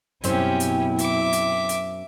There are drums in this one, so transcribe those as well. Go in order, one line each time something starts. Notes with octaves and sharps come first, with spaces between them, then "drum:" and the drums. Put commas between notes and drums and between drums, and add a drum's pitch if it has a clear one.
F#2 B2 C4 C#4 E4 G4 C5, drum: hi-hat
drum: hi-hat
E5 D6, drum: hi-hat
drum: hi-hat
drum: hi-hat